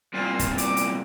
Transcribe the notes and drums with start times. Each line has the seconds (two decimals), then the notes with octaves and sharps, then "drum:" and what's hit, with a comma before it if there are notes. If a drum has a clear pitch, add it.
0.14 C2 A#2 F4
0.39 drum: kick, hi-hat
0.58 D6, drum: hi-hat
0.77 drum: hi-hat